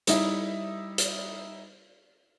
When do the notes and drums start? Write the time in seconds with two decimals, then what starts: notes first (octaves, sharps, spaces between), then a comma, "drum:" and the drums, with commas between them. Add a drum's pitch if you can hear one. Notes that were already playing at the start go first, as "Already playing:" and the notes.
0.07 G3 D#4 E4 E5, drum: hi-hat
0.98 drum: hi-hat